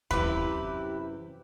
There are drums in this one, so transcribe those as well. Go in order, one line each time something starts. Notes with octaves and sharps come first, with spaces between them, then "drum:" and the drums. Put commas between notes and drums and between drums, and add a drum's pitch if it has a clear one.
F#2 C3 E3 E4 G4 B4, drum: kick